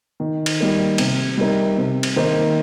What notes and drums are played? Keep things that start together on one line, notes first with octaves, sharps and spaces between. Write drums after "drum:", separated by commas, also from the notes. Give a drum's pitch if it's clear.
D#3
drum: cymbal
G3 A#3 D#4
C3, drum: cymbal
G3 D#4 A#4
C3
drum: cymbal
D#3 A#3 D#4 C5